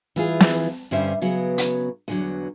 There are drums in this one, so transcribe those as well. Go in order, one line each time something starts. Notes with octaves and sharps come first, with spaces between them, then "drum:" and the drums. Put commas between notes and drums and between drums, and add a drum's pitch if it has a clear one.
E3 F4 G#4
drum: snare
G2 D3 G3 C#4 C5 E5
C#3 F#3 B3
drum: hi-hat
E2 D3 F#3